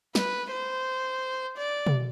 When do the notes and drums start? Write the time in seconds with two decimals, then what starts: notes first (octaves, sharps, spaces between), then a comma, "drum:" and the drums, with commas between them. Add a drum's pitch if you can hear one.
0.15 B4, drum: snare
0.51 C5
1.57 D5
1.87 drum: tom B2